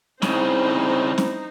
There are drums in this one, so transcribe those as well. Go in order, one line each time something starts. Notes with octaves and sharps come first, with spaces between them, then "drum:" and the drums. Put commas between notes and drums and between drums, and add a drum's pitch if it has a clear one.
C2 C#3 C4 D#4 E4 C5, drum: snare
drum: snare